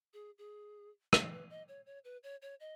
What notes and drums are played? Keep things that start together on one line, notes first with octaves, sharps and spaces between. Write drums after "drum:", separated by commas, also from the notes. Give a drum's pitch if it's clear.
G#4
G#4
A4, drum: rim click
B4
D#5
C#5
C#5
B4
C#5
C#5
D#5